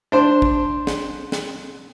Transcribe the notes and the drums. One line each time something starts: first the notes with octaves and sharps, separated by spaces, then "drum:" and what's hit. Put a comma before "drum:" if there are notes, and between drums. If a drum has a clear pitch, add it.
D4 C5 C6
drum: kick
drum: snare
drum: snare